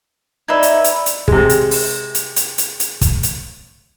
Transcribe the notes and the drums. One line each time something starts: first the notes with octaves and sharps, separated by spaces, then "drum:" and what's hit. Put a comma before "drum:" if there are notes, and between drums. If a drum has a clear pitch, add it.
D#4 B4 D5 E5 B5 G#6
drum: hi-hat
drum: hi-hat
drum: hi-hat
C3 G#3, drum: kick
drum: hi-hat
drum: open hi-hat
drum: hi-hat
drum: hi-hat
drum: hi-hat
drum: hi-hat
drum: kick, hi-hat
drum: hi-hat